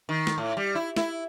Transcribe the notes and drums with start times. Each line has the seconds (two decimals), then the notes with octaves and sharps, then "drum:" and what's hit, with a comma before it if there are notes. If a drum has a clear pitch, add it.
0.09 D#3
0.27 drum: snare
0.38 A2
0.57 G3
0.75 E4
0.96 E4, drum: snare